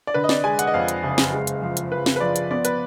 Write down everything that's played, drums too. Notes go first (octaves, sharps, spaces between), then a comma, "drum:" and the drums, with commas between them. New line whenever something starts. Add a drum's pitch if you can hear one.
D5
D3 B4
D#5
D5, drum: snare
G#3 G#5
F#5, drum: hi-hat
D#5
F2 F5
drum: hi-hat
F#1
drum: snare
G#3
drum: hi-hat
F3
drum: hi-hat
F3 B4
drum: snare
B4
F3 D5
drum: hi-hat
B3 D5
B4, drum: hi-hat